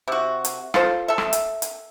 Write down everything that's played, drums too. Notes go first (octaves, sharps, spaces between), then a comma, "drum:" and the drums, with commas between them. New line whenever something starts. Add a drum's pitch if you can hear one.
C3 F#4
drum: hi-hat
F4 A4 C5, drum: rim click
A4 E5
drum: rim click
drum: hi-hat
drum: hi-hat